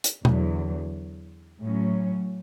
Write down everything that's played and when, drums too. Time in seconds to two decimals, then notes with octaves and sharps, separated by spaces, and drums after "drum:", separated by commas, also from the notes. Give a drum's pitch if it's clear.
0.04 drum: hi-hat
0.25 E2 D3 F#3, drum: tom
1.61 A2 F#3 C#4